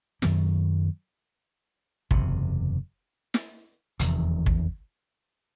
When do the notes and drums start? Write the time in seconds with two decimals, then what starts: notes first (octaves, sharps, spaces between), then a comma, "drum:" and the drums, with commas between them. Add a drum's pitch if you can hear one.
0.22 F#2 D#3 F#3 A#3, drum: snare
2.11 F#1 E2 C3, drum: kick
3.34 drum: snare
3.99 F1 E2 C3 D#3, drum: hi-hat
4.46 drum: kick